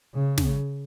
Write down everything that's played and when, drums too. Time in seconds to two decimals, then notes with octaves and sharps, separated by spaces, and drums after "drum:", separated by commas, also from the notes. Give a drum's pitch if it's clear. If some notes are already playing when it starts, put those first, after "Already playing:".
0.15 C#3
0.38 drum: snare